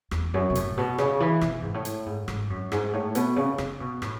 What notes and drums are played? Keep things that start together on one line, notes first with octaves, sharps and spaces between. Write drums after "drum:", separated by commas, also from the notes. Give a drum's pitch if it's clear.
E2, drum: rim click
F#2
B2
A2, drum: hi-hat
B2
C#3, drum: rim click
E3
B2, drum: rim click
G#2
A2
drum: hi-hat
G#2
G#2, drum: rim click
F#2
G#2, drum: rim click
A2
B2, drum: hi-hat
C#3
C#3, drum: rim click
B2
A2, drum: rim click